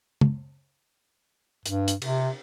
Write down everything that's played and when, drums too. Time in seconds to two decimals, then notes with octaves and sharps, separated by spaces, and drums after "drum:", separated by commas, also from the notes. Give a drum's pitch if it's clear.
0.21 drum: tom C#3
1.66 G2, drum: hi-hat
1.88 drum: hi-hat
2.02 C3, drum: cymbal